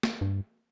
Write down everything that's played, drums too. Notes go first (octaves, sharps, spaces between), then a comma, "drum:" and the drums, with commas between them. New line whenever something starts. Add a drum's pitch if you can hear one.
drum: snare
G2